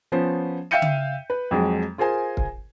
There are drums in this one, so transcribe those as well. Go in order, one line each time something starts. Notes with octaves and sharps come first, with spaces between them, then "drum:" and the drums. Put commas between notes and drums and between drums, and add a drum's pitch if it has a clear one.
F3 B3 C#4 C5
E5 F5 G5 G6 C#7 D#7
drum: tom C#3
B4
F2 F#3 G#3
F4 G#4 A#4 C5 G#5
drum: kick